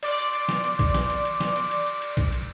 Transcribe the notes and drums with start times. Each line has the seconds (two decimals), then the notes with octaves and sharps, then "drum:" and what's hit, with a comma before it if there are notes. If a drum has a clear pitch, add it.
0.03 D5 C6 D6, drum: cymbal
0.18 drum: cymbal
0.33 drum: cymbal
0.49 drum: snare
0.64 drum: cymbal
0.79 drum: kick A#1, cymbal
0.95 drum: snare
1.10 drum: cymbal
1.25 drum: cymbal
1.40 drum: snare
1.56 drum: cymbal
1.71 drum: cymbal
1.86 drum: cymbal
2.02 drum: cymbal
2.17 drum: kick A#1, cymbal
2.32 drum: cymbal